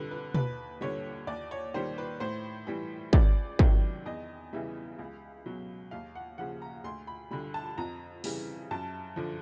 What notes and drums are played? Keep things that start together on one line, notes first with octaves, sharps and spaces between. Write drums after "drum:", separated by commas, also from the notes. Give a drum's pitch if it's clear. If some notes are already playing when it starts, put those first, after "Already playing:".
Already playing: F2 D3 G3 B4
B4
D#2 B4, drum: tom B2
D3 G3 C#5
D#2 D5
C#5
D#3 G3 C5
B4
A2 C5
E3 G3
C#2 D5, drum: kick
C3 D#3 F#3, drum: kick
E2 D#5
C#3 E3 G3 E5
C#2
B2 F#3
D#2 F5
F#5
C#3 F3 F#5
A#5
D2 C6
B5
D3 G3 B5
A5
F2 A#5
C#3 E3 G3, drum: open hi-hat
F#2 A5
D3 F3